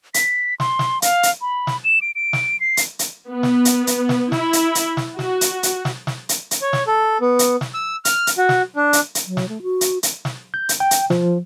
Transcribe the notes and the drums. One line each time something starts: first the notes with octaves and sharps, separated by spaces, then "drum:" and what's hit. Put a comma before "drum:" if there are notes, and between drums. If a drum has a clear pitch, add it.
B6, drum: hi-hat
C6, drum: snare
drum: snare
F5, drum: hi-hat
drum: hi-hat
B5
drum: snare
E7
D7
D7
drum: snare
C7
drum: hi-hat
drum: hi-hat
B3
drum: snare
drum: hi-hat
drum: hi-hat
drum: snare
E4, drum: snare
drum: hi-hat
drum: hi-hat
drum: snare
F#4, drum: snare
drum: hi-hat
drum: hi-hat
drum: snare
drum: snare
drum: hi-hat
drum: hi-hat
C#5
drum: snare
A4
B3
drum: hi-hat
drum: snare
E6
F6, drum: hi-hat
drum: hi-hat
F#4
drum: snare
D4
drum: hi-hat
drum: hi-hat
F#3
drum: snare
A3
F#4
drum: hi-hat
drum: hi-hat
drum: snare
G6
drum: hi-hat
G5
drum: hi-hat
F3, drum: snare